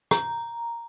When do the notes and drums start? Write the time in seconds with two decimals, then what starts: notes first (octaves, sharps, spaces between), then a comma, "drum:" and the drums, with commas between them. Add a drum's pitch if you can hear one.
0.11 A#5, drum: rim click